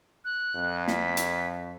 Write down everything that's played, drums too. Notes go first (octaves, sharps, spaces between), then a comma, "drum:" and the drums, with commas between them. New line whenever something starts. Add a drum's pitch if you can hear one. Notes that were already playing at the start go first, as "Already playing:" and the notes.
F#6
F2
B6, drum: snare
drum: hi-hat